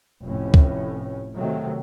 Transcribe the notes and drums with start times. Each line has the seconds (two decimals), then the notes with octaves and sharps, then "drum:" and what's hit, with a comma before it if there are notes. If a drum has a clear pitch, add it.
0.23 F1 A2 C#4
0.54 drum: kick C#2
1.36 C3 D#3 F#3 A3